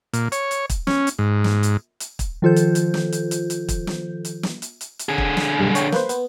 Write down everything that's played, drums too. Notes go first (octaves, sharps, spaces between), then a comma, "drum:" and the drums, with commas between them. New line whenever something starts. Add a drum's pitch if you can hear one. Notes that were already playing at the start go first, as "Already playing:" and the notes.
A#2, drum: hi-hat
C#5, drum: hi-hat
drum: hi-hat
drum: kick, hi-hat
C#4, drum: snare
drum: hi-hat
G#2
drum: snare
drum: hi-hat
drum: hi-hat
drum: kick, hi-hat
D#3 F3 F4 A4 C5 G6
drum: hi-hat
drum: hi-hat
drum: snare
drum: hi-hat
drum: hi-hat
drum: hi-hat
drum: kick, hi-hat
drum: snare
drum: hi-hat
drum: snare
drum: hi-hat
drum: hi-hat
drum: hi-hat
D3 G#4
drum: kick
drum: snare
B1 G2
C#5 G5, drum: hi-hat
A#3 B4 C5, drum: snare
B3, drum: hi-hat